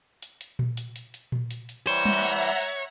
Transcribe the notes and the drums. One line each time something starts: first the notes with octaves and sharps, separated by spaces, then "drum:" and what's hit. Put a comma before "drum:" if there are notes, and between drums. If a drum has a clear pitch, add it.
drum: hi-hat
drum: hi-hat
drum: tom A#2
drum: hi-hat
drum: hi-hat
drum: hi-hat
drum: tom A#2
drum: hi-hat
drum: hi-hat
E3 G3 C5 C#5 E5 F#5 A#5, drum: hi-hat
drum: tom G3
drum: hi-hat
drum: hi-hat
drum: hi-hat